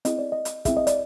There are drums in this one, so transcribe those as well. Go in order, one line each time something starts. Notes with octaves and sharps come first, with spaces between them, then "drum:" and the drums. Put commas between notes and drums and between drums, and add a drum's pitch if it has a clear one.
C4 E4 G#4 D#5, drum: hi-hat
D5
D#5
drum: hi-hat
C4 E4 G#4 E5, drum: kick, hi-hat
D#5
D5, drum: hi-hat